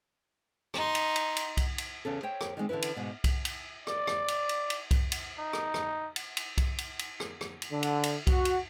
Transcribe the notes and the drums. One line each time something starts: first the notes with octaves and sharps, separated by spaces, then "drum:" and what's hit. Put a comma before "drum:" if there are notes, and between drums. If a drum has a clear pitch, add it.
D#4 C6, drum: rim click
drum: cymbal
drum: cymbal
drum: cymbal
drum: kick C2, cymbal
drum: cymbal
E2 C#3 C#4 A4
C5 C#5 G5
drum: rim click
D#3 G3 G#3 C4
D3 E3 C#4 E4 B4
drum: cymbal
G#2 B2
drum: kick C2, cymbal
drum: cymbal
D5, drum: rim click
drum: rim click
drum: cymbal
drum: cymbal
drum: cymbal
drum: kick C2, cymbal
drum: cymbal
D#4
drum: rim click
drum: rim click
drum: cymbal
drum: cymbal
drum: kick C2, cymbal
drum: cymbal
drum: cymbal
drum: rim click
drum: rim click
drum: cymbal
D3
drum: cymbal
drum: cymbal
F#4, drum: kick C2, cymbal
drum: cymbal